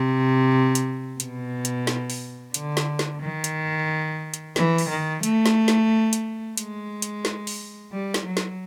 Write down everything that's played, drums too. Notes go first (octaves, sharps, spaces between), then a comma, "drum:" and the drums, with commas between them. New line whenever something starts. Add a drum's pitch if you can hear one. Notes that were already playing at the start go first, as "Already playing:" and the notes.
Already playing: C3
drum: hi-hat
B2, drum: hi-hat
drum: hi-hat
drum: snare
drum: open hi-hat
D3, drum: hi-hat
drum: snare
drum: snare
D#3
drum: hi-hat
drum: hi-hat
E3, drum: snare
drum: open hi-hat
D#3
A3, drum: hi-hat
drum: snare
drum: snare
drum: hi-hat
G#3, drum: hi-hat
drum: hi-hat
drum: snare
drum: open hi-hat
G3
drum: snare
F#3
drum: snare